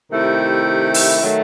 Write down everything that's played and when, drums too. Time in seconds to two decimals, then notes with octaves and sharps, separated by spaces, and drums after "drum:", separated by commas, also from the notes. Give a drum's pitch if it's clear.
0.11 C3 D#3 A3 E4 G4
0.94 drum: open hi-hat
1.22 D#3 F#3 A3